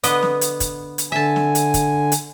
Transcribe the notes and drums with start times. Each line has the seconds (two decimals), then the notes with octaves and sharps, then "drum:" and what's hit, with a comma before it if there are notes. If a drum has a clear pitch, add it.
0.03 D3 B3 D#5, drum: hi-hat
0.22 drum: snare
0.41 drum: hi-hat
0.60 drum: kick, hi-hat
0.98 drum: hi-hat
1.12 D3 E5 G#5 A5
1.36 drum: snare
1.55 drum: hi-hat
1.74 drum: kick, hi-hat
2.12 drum: hi-hat